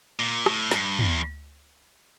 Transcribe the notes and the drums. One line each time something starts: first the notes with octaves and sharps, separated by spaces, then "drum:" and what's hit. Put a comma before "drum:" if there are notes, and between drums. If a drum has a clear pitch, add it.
A#2
A2, drum: rim click
G2, drum: snare
E2, drum: tom